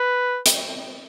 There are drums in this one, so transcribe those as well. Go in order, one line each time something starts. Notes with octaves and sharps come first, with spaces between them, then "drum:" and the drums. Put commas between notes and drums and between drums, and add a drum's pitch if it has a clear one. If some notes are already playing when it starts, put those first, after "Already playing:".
Already playing: B4
drum: hi-hat